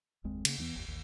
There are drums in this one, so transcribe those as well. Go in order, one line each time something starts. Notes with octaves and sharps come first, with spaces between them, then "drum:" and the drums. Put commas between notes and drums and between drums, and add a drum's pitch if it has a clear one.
F#1 D#2 G#3 C4
C#3 A#3, drum: cymbal
E2 E3 A#3 B3
G1 D#2
A1 D#2